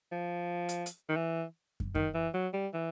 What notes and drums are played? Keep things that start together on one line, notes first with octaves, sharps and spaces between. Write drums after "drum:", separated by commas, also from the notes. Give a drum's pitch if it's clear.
F3
drum: hi-hat
drum: hi-hat
D#3
E3
drum: kick
D#3, drum: kick
E3
F#3
G3
E3